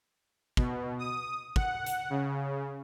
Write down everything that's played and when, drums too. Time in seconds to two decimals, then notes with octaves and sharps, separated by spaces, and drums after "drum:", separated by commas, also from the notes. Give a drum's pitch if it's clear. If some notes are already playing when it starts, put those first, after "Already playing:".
0.57 B2, drum: kick
0.99 D#6
1.56 F#5, drum: kick
1.86 drum: hi-hat
2.10 C#3